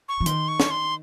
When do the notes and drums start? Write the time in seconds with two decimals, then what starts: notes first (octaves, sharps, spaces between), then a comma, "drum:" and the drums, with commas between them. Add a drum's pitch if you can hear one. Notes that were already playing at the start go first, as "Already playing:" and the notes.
0.09 C#6
0.21 F3
0.26 D#3 C6, drum: hi-hat
0.48 C#6
0.60 drum: snare
0.71 C6